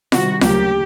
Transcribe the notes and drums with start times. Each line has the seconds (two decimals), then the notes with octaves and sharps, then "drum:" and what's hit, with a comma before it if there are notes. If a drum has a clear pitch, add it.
0.12 C3 D#3 G3 F#4, drum: snare F4
0.41 D2 C#3 F#3 A#3 G4, drum: snare F4